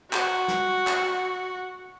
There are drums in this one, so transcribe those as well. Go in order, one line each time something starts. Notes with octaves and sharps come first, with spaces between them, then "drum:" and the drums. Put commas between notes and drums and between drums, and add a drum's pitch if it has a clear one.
F#4, drum: clap
drum: snare
drum: clap